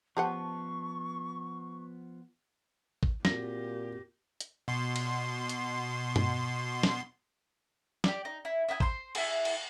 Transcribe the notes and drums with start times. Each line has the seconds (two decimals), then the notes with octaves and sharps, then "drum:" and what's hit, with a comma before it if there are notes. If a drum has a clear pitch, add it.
0.17 F3 B3 G4 C5 F#5 A5 C#6
3.03 drum: kick G#1
3.25 A#2 C4 F#4 G4 A#6, drum: snare
4.40 drum: hi-hat
4.68 B2 C6
4.96 drum: cymbal
5.49 drum: hi-hat
6.16 drum: tom G2
6.83 drum: snare
8.04 G4 D5, drum: snare
8.25 D#4
8.45 E4
8.69 E4 D#5 F#5 G#5
8.80 C5 C6, drum: kick G#1
9.15 E4 G#4, drum: cymbal
9.45 drum: cymbal